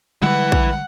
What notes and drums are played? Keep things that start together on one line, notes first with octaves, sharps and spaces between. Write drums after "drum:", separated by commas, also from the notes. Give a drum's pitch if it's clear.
D3 G3 G#3 E4 B4 F#5
drum: kick A#1